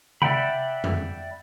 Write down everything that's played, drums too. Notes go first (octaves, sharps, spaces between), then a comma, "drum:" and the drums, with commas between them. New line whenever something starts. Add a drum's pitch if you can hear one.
D5 E5 F#5 G5 B5, drum: tom C3
drum: tom